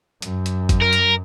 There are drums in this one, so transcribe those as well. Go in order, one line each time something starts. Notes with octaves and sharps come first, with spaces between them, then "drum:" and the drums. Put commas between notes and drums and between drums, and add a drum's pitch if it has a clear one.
F#2, drum: hi-hat
drum: hi-hat
drum: kick G1, hi-hat
A#4
drum: hi-hat